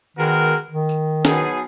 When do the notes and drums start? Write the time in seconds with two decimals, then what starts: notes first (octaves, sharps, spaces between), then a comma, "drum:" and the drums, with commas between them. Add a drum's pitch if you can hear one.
0.17 D#3 G#3 B3 F#4 A#4
0.71 D#3
0.89 drum: tambourine
1.25 B2 F#3 B3 D#4 G#4, drum: snare